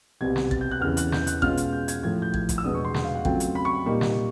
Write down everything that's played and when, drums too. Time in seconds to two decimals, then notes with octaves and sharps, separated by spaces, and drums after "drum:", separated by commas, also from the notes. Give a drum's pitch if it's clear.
0.21 C2 B2 G3 C4 G#6
0.36 drum: snare
0.51 A6, drum: kick
0.61 G6
0.71 F#6
0.81 E2 C#3 E3 F6
0.97 F#6, drum: hi-hat
1.12 G6, drum: snare
1.27 F#6, drum: hi-hat
1.42 B2 G#3 C#4 F4 F6, drum: kick
1.57 drum: hi-hat
1.73 G6
1.88 G#6, drum: hi-hat
2.03 A2 F3 A3 G#6
2.22 G6
2.34 G#6, drum: kick
2.49 drum: kick, hi-hat
2.58 E6
2.64 E2 B2 G#3 B3 D4 D#6
2.74 C#6
2.85 C6
2.94 F#5, drum: snare
3.05 F5
3.15 F#5
3.25 C#3 F#3 A3 C4 F4 G5, drum: kick
3.40 drum: hi-hat
3.55 B5
3.65 C#6
3.86 A#2 G3 A#3 D#4 C#6
4.01 drum: snare